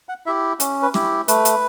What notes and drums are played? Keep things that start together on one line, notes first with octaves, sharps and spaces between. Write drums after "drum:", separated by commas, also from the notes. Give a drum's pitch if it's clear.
F#5
E4 G4 E5
C#4, drum: hi-hat
B4
E4 G4, drum: snare
A3 B4, drum: hi-hat
drum: hi-hat